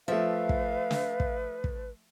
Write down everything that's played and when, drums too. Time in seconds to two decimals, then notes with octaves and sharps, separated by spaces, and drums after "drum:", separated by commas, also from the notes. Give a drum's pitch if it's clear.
0.08 F3 A3 B4 E5 F5
0.49 drum: kick
0.91 drum: snare
1.20 drum: kick
1.64 drum: kick